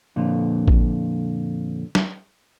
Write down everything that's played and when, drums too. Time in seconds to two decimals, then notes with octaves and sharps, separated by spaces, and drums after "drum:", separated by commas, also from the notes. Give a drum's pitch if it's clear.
0.16 F2 A#2 D3
0.68 drum: kick A1
1.95 drum: snare